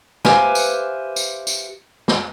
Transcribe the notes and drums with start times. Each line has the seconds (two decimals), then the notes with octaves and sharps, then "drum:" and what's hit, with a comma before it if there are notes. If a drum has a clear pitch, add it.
0.25 G4 B4 C5 E5 F5 G#5, drum: snare
0.55 drum: tambourine
1.16 drum: tambourine
1.47 drum: tambourine
2.08 drum: snare